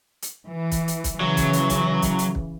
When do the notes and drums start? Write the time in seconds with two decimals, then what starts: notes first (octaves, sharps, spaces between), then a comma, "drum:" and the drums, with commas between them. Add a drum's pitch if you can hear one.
0.22 drum: hi-hat
0.48 E3
0.71 drum: kick, hi-hat
0.88 drum: hi-hat
1.04 drum: kick, hi-hat
1.20 C#3 E3 F#3
1.37 drum: kick, hi-hat
1.53 drum: hi-hat
1.70 drum: kick, hi-hat
2.02 drum: kick, hi-hat
2.19 drum: hi-hat
2.35 drum: kick